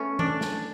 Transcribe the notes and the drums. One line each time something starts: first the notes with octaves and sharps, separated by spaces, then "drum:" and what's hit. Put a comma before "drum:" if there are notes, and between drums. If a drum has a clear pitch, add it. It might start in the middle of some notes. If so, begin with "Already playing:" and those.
Already playing: A3 B3 C#4
D4, drum: tom E3
drum: snare